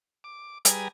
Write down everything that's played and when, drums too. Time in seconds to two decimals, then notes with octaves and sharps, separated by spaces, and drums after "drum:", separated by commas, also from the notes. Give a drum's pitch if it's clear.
0.24 D6
0.65 G3 G#4 B4 G#5 A#5 D#6, drum: hi-hat